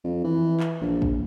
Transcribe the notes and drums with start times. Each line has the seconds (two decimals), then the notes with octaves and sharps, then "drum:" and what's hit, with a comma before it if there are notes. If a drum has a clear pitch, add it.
0.04 F2
0.24 E3
0.60 drum: clap
0.81 A#1
1.02 drum: kick